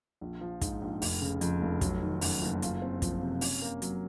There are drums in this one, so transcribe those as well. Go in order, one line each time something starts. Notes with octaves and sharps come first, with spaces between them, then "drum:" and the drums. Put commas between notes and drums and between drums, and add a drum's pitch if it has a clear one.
A#1
F3
G#2, drum: kick, hi-hat
A#1
F1, drum: open hi-hat
C#3
F2, drum: hi-hat
F1
F#3, drum: kick, hi-hat
D#3
F#2, drum: open hi-hat
F#1
F4, drum: hi-hat
C4
F3, drum: kick, hi-hat
C3
C#4, drum: open hi-hat
A#3
F#3, drum: hi-hat